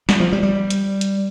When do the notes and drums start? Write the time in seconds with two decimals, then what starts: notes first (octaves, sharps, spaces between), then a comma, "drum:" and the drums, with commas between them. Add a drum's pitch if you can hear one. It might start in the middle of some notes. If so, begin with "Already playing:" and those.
0.09 G3, drum: snare
0.20 F3
0.32 G3
0.43 G3
0.70 drum: hi-hat
1.01 drum: hi-hat